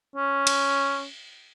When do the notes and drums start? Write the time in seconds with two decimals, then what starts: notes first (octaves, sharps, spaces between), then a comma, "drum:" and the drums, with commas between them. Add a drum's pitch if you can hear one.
0.16 C#4
0.47 drum: cymbal